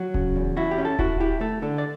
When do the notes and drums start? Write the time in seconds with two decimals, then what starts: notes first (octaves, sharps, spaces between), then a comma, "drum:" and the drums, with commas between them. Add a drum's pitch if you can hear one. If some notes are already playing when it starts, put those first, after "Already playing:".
Already playing: F#3 F#4
0.14 C#3, drum: kick D#1
0.35 E2
0.57 E4 F#4
0.71 G4
0.78 C#4
0.85 A4
0.99 E4 F#4, drum: kick D#1
1.20 E4 G4
1.41 A3 A4
1.62 D3 A4
1.78 D5